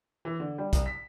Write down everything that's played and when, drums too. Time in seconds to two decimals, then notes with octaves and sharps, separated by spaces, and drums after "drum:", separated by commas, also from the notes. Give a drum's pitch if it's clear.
0.25 E3
0.40 D3
0.58 G3
0.73 C2, drum: kick, hi-hat
0.86 B6